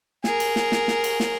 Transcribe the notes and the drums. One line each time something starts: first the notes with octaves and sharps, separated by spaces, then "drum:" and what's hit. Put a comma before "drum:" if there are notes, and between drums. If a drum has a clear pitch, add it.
G#4 A#4, drum: snare
drum: cymbal
drum: snare
drum: snare
drum: snare
drum: cymbal
drum: snare